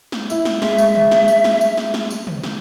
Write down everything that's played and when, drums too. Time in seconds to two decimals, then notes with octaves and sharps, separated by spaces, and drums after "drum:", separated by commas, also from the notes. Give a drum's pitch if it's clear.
0.12 drum: snare
0.30 E4, drum: tambourine
0.45 drum: snare
0.62 G#3 E5, drum: snare
0.78 drum: tambourine
0.95 drum: tom
1.11 drum: snare
1.28 drum: tambourine
1.44 drum: snare
1.61 drum: tambourine
1.77 drum: snare
1.94 drum: snare
2.11 drum: tambourine
2.27 drum: tom
2.44 drum: snare